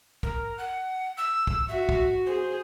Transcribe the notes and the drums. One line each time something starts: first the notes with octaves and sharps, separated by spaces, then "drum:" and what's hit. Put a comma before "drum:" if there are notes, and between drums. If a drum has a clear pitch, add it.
A#4, drum: kick
F#5
E6
drum: kick
F#4 E5
drum: kick
G#4 C5